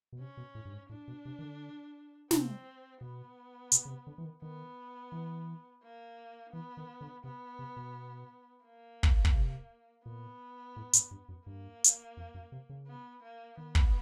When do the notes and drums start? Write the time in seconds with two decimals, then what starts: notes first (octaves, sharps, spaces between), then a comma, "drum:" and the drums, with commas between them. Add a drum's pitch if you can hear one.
0.13 B2
0.19 C3 C#4
0.37 B2
0.55 A2
0.65 G2
0.72 G#2
0.89 A2 D4
1.08 B2
1.25 C3
1.39 D#3
1.43 D3
2.31 C3 C4, drum: snare
3.01 B2 B3
3.72 B2, drum: hi-hat
3.85 C#3
3.89 C3
4.07 D3
4.18 E3
4.24 D#3
4.42 D#3 B3
5.12 E3
5.84 A#3
6.53 E3 B3
6.77 D#3
7.01 D3
7.24 C3 B3
7.59 C3
7.77 B2
8.64 A#3
9.03 drum: kick
9.25 drum: kick
9.35 C3
10.06 A#2 B3
10.76 A2
10.94 G#2, drum: hi-hat
11.11 G2
11.29 F#2
11.46 G2 A#3
11.84 drum: hi-hat
12.17 F2
12.34 F#2
12.52 C3
12.69 C#3
12.87 B3
13.22 A#3
13.57 D#3 B3
13.75 drum: kick